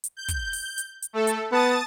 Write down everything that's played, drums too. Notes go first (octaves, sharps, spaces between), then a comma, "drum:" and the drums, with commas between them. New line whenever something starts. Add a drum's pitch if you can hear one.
drum: hi-hat
G6
drum: kick, hi-hat
drum: open hi-hat
drum: hi-hat
drum: hi-hat
A3 A4
drum: hi-hat
B3 A5 D#6 A6